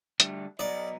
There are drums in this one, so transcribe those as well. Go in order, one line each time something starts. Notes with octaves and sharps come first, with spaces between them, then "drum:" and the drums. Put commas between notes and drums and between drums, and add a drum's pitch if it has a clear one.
D3 G3 A3, drum: hi-hat
F#3 B3 D#4 D5 D#5